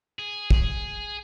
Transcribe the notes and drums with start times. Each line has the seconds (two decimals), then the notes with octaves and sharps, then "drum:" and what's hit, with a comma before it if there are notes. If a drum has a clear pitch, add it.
0.19 G#4
0.51 drum: kick